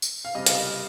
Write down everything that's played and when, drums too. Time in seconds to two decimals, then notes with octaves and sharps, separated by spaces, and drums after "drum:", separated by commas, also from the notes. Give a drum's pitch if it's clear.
0.02 drum: tambourine
0.25 F5
0.35 C#2 C3 G3 D#5
0.46 F5, drum: hi-hat
0.55 D#5